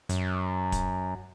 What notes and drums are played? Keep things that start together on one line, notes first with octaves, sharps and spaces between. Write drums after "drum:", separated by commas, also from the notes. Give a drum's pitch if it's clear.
F#2, drum: hi-hat
drum: kick, hi-hat